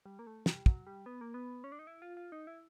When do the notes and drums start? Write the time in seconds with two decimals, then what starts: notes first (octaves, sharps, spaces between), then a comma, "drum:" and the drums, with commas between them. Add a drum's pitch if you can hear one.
0.06 G3
0.19 A#3
0.27 A3
0.46 G3, drum: snare
0.66 F#3, drum: kick
0.87 G3
1.06 B3
1.21 A#3
1.34 B3
1.64 C#4
1.72 D4
1.79 D#4
1.87 E4
2.02 F4
2.17 F4
2.32 D#4
2.47 E4